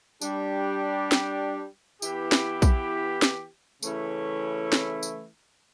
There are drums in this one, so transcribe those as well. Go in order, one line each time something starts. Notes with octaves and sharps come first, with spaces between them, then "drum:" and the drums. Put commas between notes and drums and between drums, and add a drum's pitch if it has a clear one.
G3 D4 G4, drum: tambourine
drum: snare
E3 B3 E4 G4, drum: tambourine
drum: snare
drum: kick A#1, tambourine
drum: snare
C#3 E3 A3 C#4 E4, drum: tambourine
drum: snare
drum: tambourine